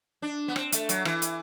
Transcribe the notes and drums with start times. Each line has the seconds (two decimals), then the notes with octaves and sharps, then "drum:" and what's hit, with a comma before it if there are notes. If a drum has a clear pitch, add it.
0.22 D4
0.48 B3
0.56 C4, drum: rim click
0.72 A3, drum: hi-hat
0.89 F#3, drum: hi-hat
1.05 E3, drum: rim click
1.22 drum: hi-hat